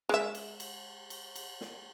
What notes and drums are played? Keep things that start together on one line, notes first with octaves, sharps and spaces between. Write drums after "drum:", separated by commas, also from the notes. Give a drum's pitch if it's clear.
G#3 E5, drum: snare
drum: cymbal
drum: cymbal
drum: cymbal
drum: cymbal
drum: snare